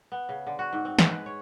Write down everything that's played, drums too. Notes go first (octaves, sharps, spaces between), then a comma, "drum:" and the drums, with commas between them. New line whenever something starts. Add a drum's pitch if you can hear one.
B3
C#3
D3
F#4
G#2
C4
G#3, drum: snare
B4
C#5